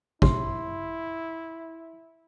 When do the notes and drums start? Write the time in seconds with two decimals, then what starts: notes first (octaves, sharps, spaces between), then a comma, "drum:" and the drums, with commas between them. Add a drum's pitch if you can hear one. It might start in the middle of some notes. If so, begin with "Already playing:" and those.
0.22 E4 C6, drum: kick